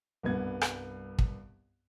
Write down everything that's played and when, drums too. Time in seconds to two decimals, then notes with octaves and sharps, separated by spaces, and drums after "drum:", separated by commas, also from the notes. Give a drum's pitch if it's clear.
0.23 C2 G2 B3 G#6
0.61 drum: rim click
1.19 drum: kick